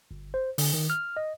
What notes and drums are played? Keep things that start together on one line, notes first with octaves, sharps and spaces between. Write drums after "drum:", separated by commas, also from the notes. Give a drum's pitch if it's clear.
G1
C5
D3, drum: open hi-hat
D#3
F6
D#5